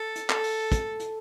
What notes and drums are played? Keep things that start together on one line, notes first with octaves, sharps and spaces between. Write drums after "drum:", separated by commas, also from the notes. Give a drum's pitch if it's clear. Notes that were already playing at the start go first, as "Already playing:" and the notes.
Already playing: A4
drum: hi-hat
A4, drum: clap
drum: open hi-hat
drum: kick, hi-hat
drum: hi-hat